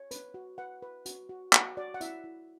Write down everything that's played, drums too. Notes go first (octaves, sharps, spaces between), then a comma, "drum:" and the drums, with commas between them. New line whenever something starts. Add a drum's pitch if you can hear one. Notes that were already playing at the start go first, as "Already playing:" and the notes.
Already playing: C#5
B4, drum: hi-hat
F#4
B4 F#5
B4
F#4, drum: hi-hat
F#4
F#4 F#5, drum: clap
F#4 D5
F#5
E4 E5, drum: hi-hat
E4